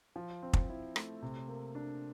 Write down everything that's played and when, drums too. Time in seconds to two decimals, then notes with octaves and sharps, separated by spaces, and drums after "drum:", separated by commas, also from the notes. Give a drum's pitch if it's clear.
0.16 F3
0.43 C4
0.53 drum: kick
0.69 E4
0.96 A3, drum: rim click
1.22 C3
1.48 A#3
1.75 D4